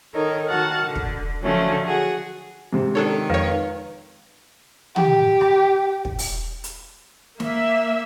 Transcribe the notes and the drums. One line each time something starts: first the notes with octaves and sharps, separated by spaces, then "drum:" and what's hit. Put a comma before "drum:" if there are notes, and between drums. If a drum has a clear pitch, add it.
D#3 D#4 A4 A#4 C#5
D#3 F#4 F#5 A5 F6
D3
drum: kick
D3 F3 F#3 A3 C#4
F#4 G#4 F#5
G#2 C3
D#3 D4 A4 C#5
F2 B4 C#5 F5
G4, drum: tom
drum: rim click
drum: kick
drum: open hi-hat
drum: hi-hat
A#3 E5, drum: snare